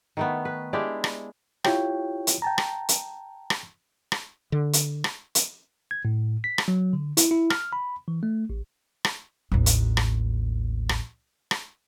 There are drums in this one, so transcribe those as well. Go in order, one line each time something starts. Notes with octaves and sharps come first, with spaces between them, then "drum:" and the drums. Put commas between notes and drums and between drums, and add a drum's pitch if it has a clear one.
D#3 A3 B3
B4
G#3 D4 E4 G4
drum: rim click
E4 F4 G4 C#5 G5, drum: rim click
drum: hi-hat
G5 A5 A#5
drum: rim click
drum: hi-hat
drum: rim click
drum: rim click
D3
drum: hi-hat
drum: rim click
drum: hi-hat
G#6
A2
B6
drum: rim click
F#3
D3
E4, drum: hi-hat
E4
F6, drum: rim click
B5
E3
A3
A1
drum: rim click
A1 D#2
drum: hi-hat
drum: rim click
drum: rim click
drum: rim click